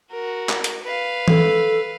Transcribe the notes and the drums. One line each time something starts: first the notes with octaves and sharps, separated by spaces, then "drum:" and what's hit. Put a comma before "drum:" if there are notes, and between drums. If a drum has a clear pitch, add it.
F#4 A#4
drum: clap
drum: hi-hat
B4 F5
A4, drum: tom E3